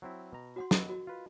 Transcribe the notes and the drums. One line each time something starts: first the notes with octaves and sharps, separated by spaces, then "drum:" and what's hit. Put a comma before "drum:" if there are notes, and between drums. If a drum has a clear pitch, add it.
F#3 C4 E4
B2 A#5
F#4 F#5 C6
B3 A#4 D#5, drum: snare
F#4
F4 B4